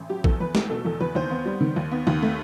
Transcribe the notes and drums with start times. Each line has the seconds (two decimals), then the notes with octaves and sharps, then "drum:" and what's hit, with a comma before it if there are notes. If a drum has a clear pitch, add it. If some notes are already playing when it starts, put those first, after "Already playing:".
Already playing: A1
0.09 F#3 G4
0.24 E2 A4, drum: kick
0.40 E2 B4
0.55 A3 G4, drum: snare
0.70 B2 A4
0.85 E2 A4
1.00 E2 B4
1.15 D#2 C5
1.31 B3
1.45 G3
1.61 D#3
1.76 D#2
1.91 B3
2.07 D#2
2.22 A3